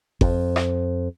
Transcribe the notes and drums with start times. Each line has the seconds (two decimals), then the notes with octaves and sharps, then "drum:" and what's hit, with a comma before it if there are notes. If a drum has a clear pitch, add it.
0.21 F2, drum: kick G1
0.56 drum: rim click